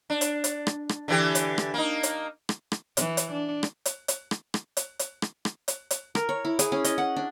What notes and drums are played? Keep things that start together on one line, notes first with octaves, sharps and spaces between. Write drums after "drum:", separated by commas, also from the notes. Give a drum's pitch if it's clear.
D4
drum: hi-hat
drum: hi-hat
drum: rim click
drum: rim click
D3 E3 G4
drum: hi-hat
drum: rim click
A#3 D#4
drum: hi-hat
drum: rim click
drum: rim click
E3, drum: hi-hat
drum: hi-hat
D4
drum: rim click
drum: hi-hat
drum: hi-hat
drum: rim click
drum: rim click
drum: hi-hat
drum: hi-hat
drum: rim click
drum: rim click
drum: hi-hat
drum: hi-hat
A#4, drum: rim click
C#5
E4
G#4, drum: hi-hat
C#4
D#5, drum: hi-hat
F#5
D4